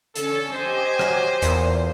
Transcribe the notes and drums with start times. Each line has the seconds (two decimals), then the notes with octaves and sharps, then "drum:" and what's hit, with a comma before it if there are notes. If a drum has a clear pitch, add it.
0.16 D3 C#4 A4, drum: hi-hat
0.53 G4 C5 D#5 G#5
0.99 F#3, drum: rim click
1.42 E2 A#2, drum: hi-hat